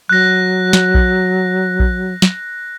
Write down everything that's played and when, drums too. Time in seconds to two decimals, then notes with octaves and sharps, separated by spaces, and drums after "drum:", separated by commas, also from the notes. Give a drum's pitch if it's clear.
0.09 F#3 F#6 A#6
0.73 drum: snare
0.95 drum: kick A#1
1.80 drum: kick A#1
2.22 drum: snare